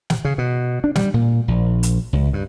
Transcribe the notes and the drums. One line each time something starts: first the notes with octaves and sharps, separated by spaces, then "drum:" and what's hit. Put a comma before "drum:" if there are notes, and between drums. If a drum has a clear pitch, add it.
drum: snare
C#3
B2
D4
G3, drum: snare
A#2
A#1
drum: hi-hat
C#2
G2